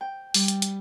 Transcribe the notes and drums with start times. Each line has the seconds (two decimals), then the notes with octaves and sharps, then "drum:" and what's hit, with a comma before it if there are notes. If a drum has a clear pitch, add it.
0.01 G5
0.34 G3, drum: open hi-hat
0.48 drum: hi-hat
0.62 drum: hi-hat